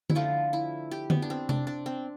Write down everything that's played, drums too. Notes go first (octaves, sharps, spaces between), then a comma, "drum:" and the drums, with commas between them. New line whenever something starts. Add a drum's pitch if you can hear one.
E4, drum: tom D3
D3 F3 A3 F4
E4
G4
B3, drum: tom D3
D4
C4
D4, drum: tom C3
D4
C4